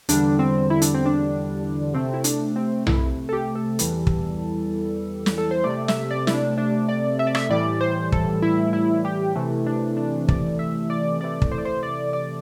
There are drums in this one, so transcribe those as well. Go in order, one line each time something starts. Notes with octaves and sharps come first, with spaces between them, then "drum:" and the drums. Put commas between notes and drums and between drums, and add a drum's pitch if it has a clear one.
E2 D3 G3 D4, drum: hi-hat
C4
E4
D4, drum: hi-hat
C4
D4
C3 A3 C4
E4
D4, drum: hi-hat
C4
E4, drum: tom B1
A4
G4
A4
E2 E3 G3, drum: hi-hat
drum: kick
drum: snare
A4
C5
C3 A3 D5
E5, drum: snare
D5
E4, drum: snare
D4
D4
D5
E5
D5
E5, drum: rim click
A2 E3 G3 D5
C5
A4, drum: kick
E4
E4
G4
C3 E3 A3
D4
D4
D5, drum: kick
E5
D5
C3 E3 A3 D5
drum: kick
C5
D5
C5
D5
D5